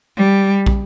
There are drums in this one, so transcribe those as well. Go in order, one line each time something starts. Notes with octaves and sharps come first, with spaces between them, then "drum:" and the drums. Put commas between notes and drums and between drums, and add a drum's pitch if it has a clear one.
G3
drum: kick